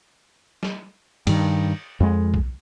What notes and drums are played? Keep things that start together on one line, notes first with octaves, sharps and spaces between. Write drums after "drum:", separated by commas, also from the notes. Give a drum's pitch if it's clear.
drum: snare
G2 D#3, drum: cymbal
F2 G#3
drum: kick B1